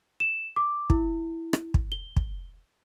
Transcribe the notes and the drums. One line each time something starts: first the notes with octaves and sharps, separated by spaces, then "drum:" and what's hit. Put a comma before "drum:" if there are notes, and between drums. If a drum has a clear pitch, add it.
E7
D6
E4, drum: kick
drum: rim click
drum: kick
G7
drum: kick